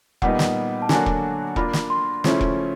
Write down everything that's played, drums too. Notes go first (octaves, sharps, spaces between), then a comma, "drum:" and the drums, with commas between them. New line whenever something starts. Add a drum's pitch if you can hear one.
A#2 G3 B3 D#4 F#5, drum: kick E1
drum: snare
A5
D3 F#3 A#3 D4 F#4 G#5, drum: snare
drum: kick E1
A#3 D4 F4 A#4 B5, drum: kick E1
drum: snare
C6
C#3 F3 A3 C#4 E4, drum: snare
drum: kick E1